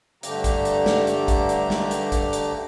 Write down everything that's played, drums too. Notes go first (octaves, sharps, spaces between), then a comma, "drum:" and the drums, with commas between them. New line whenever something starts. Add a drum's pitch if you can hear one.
G2 D3 A3 G4 A#5, drum: hi-hat
drum: kick, hi-hat
drum: hi-hat
drum: snare
drum: hi-hat
drum: kick, hi-hat
drum: hi-hat
drum: snare
drum: hi-hat
drum: kick, hi-hat
drum: hi-hat